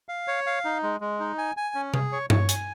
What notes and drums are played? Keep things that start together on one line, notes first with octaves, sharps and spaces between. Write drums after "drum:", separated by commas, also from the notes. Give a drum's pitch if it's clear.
F5
C#5
F5
D#4
G#3
G#3
D#4
G#5
G#5
C#4
G#4, drum: tom C3
C#5
C#5, drum: tom G2
G#5, drum: hi-hat